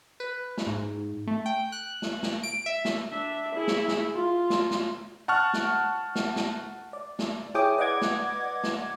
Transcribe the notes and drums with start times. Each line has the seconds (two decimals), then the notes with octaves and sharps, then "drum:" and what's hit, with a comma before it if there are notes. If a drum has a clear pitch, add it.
0.20 B4
0.57 drum: snare
0.67 G#2
1.27 A3
1.46 G5
1.72 F#6
2.02 drum: snare
2.23 drum: snare
2.43 D7
2.66 E5
2.85 drum: snare
3.11 D4 E5
3.55 E4 G#4
3.67 drum: snare
3.88 drum: snare
4.14 F4
4.50 drum: snare
4.71 drum: snare
5.28 F#5 A5 C#6 F6 F#6
5.53 drum: snare
6.15 drum: snare
6.36 drum: snare
6.93 D5
7.19 drum: snare
7.54 E4 G#4 C#5 G5 D6 D#6
7.78 B4 D5 D#5 F#5 D6 G#6
8.01 drum: snare
8.63 drum: snare